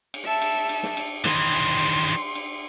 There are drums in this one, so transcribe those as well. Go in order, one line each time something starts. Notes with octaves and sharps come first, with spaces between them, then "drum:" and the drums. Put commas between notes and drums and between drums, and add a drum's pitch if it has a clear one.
drum: cymbal
E5 A5
drum: cymbal
drum: cymbal
drum: snare
drum: cymbal
D#3 E3 C6, drum: snare
drum: cymbal
drum: cymbal
drum: cymbal
drum: cymbal